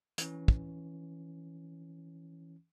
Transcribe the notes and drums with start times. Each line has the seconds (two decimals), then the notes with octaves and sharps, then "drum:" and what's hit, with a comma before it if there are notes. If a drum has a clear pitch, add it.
0.18 E3 C#4, drum: hi-hat
0.48 drum: kick